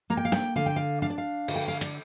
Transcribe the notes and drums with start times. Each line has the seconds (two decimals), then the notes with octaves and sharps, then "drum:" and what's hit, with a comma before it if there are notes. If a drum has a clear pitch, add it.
0.10 A#3 A#5
0.17 G5
0.25 F5
0.32 G5, drum: snare
0.56 D3 F5
0.66 G5
0.76 F5
1.02 D4 F5
1.10 D5
1.18 F5
1.48 D3, drum: cymbal
1.56 G5
1.68 F5
1.81 D5, drum: hi-hat